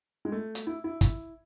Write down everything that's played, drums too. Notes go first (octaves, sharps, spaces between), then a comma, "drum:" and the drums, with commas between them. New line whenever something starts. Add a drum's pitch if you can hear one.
G#3
A3
drum: hi-hat
E4
E4
E4, drum: kick, hi-hat